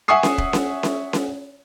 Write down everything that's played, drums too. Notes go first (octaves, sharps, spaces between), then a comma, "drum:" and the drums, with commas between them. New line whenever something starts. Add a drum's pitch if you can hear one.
E5 F#5 G#5 C#6 D#6 C7
drum: snare C#4
drum: kick
drum: snare C#4
drum: snare C#4
drum: snare C#4